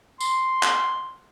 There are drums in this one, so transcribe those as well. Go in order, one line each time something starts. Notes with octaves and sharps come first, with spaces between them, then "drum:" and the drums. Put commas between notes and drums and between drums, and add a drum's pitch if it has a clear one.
C6, drum: tambourine
drum: clap